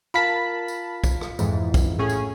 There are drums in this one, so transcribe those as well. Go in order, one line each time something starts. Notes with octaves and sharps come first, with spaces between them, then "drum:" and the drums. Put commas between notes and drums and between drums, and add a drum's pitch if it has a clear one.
F4 A#4 F5 A5 B5 B6
drum: tambourine
drum: kick, tambourine
drum: rim click
F2 G#2 E3, drum: tambourine
drum: kick, tambourine
A2 C#4 G#4
drum: tambourine